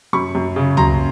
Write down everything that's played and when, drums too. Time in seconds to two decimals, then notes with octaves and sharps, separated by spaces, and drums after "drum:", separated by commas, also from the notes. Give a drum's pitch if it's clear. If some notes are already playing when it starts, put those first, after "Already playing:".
0.13 F#2 B5 C#6
0.35 F#2
0.56 C#3
0.77 F#2 A#5 C6, drum: tom C#2